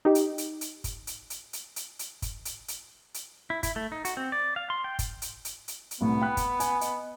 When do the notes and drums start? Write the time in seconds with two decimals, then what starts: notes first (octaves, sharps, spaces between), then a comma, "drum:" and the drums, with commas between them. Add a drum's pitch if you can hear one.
0.05 D#4 G4
0.15 drum: hi-hat
0.38 drum: hi-hat
0.61 drum: hi-hat
0.84 drum: kick, hi-hat
1.07 drum: hi-hat
1.30 drum: hi-hat
1.53 drum: hi-hat
1.76 drum: hi-hat
1.99 drum: hi-hat
2.22 drum: kick, hi-hat
2.45 drum: hi-hat
2.68 drum: hi-hat
3.14 drum: hi-hat
3.50 E4
3.63 E4, drum: kick, hi-hat
3.76 A3
3.92 D#4
4.05 F#4, drum: hi-hat
4.17 C4
4.32 D5
4.56 F5
4.70 C6
4.84 G5
4.99 drum: kick, hi-hat
5.22 drum: hi-hat
5.45 drum: hi-hat
5.68 drum: hi-hat
5.91 drum: hi-hat
6.01 C2 A2 B3
6.22 G5 B5 F#6
6.37 drum: kick, hi-hat
6.60 G#5, drum: hi-hat
6.81 D#5, drum: hi-hat